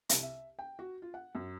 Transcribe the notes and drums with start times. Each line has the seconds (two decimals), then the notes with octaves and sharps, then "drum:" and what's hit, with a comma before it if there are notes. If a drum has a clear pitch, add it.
0.09 C2, drum: hi-hat
0.23 E5
0.59 G5
0.79 F#4
1.02 F4
1.14 F#5
1.35 F#2